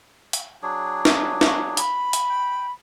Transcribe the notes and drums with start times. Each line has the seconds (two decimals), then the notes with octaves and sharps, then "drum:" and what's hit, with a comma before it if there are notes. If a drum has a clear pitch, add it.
0.33 drum: hi-hat
0.63 F#3 D4 G#4
1.05 drum: snare
1.41 drum: snare
1.77 B5, drum: hi-hat
2.13 drum: hi-hat
2.30 G5